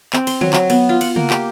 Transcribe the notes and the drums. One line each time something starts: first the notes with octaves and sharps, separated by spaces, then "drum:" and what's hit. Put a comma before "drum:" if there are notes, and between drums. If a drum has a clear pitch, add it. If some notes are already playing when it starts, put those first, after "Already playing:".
C4, drum: clap
C6, drum: cymbal
F#3, drum: tom D3
F#3, drum: clap
B3, drum: cymbal
F4
F#5, drum: cymbal
A#3, drum: tom C#3
G4, drum: clap